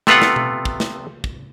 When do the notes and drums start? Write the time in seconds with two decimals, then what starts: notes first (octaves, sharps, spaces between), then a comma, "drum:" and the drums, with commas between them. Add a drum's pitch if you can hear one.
0.07 C3 A3 B3 F4 F#5, drum: snare
0.22 drum: snare
0.36 drum: tom B2
0.65 drum: kick
0.80 drum: snare
1.24 drum: kick